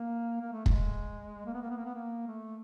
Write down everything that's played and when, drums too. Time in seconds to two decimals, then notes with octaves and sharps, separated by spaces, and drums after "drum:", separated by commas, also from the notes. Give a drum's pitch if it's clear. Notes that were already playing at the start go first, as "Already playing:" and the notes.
Already playing: A#3
0.41 A#3
0.53 A3
0.66 G#3, drum: kick
1.46 A#3
1.54 B3
1.62 A#3
1.70 B3
1.77 A#3
1.85 B3
1.94 A#3
2.27 A3